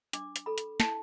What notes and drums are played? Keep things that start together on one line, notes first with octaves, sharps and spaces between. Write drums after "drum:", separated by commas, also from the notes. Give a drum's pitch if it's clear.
D4 D6, drum: hi-hat
drum: hi-hat
A4 B5
drum: hi-hat
E4 A5, drum: snare